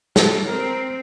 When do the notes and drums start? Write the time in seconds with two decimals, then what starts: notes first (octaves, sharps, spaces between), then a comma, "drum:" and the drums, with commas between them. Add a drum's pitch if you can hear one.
0.16 G3 A4, drum: snare
0.48 C4 A#4